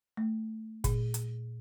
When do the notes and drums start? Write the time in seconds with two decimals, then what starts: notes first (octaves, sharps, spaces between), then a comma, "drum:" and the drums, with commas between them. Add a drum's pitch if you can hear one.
0.17 A3
0.84 A#2, drum: kick, hi-hat
1.14 drum: hi-hat